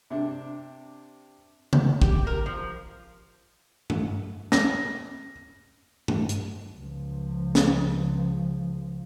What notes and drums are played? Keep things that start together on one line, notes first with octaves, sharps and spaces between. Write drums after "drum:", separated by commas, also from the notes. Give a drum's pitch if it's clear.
C3 D4
drum: tom C#3
G4, drum: kick
A#4
F3
drum: tom G2
A#6, drum: snare
drum: tom G2
drum: hi-hat
C#2 F3
drum: snare